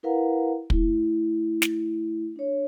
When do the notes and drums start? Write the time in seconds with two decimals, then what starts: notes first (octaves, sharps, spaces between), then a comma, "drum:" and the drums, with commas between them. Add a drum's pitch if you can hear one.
0.03 E4 A#4 B4 F5 F#5 A#5
0.70 A3 E4, drum: kick
1.62 drum: snare
2.36 D4 C#5